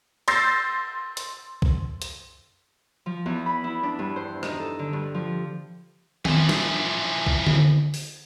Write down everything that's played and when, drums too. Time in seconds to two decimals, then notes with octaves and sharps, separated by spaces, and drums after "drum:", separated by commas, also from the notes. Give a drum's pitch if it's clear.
0.28 C6 E6 G6 A6 A#6 C7, drum: cymbal
1.17 drum: hi-hat
1.62 drum: kick B1
2.02 drum: hi-hat
3.06 F3
3.26 E2
3.46 B5
3.64 E4
3.83 D4
3.99 G2
4.16 C5
4.43 D#4, drum: rim click
4.60 A4
4.79 D3
4.93 G2
5.14 F3
6.25 E3 F3, drum: tom D#3
6.49 drum: snare
7.27 drum: kick B1
7.47 drum: tom D3
7.94 drum: open hi-hat